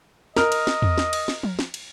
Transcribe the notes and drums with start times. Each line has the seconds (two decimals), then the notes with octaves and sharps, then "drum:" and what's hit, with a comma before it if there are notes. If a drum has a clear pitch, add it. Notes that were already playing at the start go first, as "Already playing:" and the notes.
0.36 A#4 D#5 F6, drum: snare
0.52 drum: cymbal
0.67 drum: snare
0.82 drum: tom E2
0.98 drum: snare
1.13 drum: cymbal
1.28 drum: snare
1.43 drum: tom F3
1.59 drum: snare
1.74 drum: cymbal